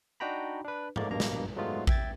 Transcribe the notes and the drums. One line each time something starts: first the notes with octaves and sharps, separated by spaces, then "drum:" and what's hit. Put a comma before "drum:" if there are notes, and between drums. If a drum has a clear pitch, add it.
D4 D#4 F#4 G5 A#5 B5
D4 B4
G#2 A3 A#3 D5, drum: tom G#2
A#1 G2 B2 A#3 A#5
drum: snare
G#2 F#3 G#3 A3 B3 F4
E5 G5 G#6 A6, drum: kick A1